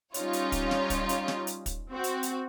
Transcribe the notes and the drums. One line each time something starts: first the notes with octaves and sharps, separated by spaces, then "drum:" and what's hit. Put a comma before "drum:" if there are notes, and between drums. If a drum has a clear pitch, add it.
G3 C#4 D#4 F4 C#5, drum: hi-hat
drum: hi-hat
drum: kick, hi-hat
drum: snare
drum: kick, hi-hat
drum: hi-hat
drum: snare
drum: hi-hat
drum: kick, hi-hat
C4 F#4
drum: hi-hat
drum: hi-hat